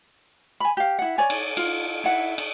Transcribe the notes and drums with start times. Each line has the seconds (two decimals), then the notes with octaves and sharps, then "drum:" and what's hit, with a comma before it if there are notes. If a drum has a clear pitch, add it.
0.60 G#5 B5
0.77 G4 F5
0.99 E4 F#5
1.18 C#5 D5 G#5
1.30 drum: cymbal
1.57 F4, drum: cymbal
2.04 E4 F#5
2.38 drum: cymbal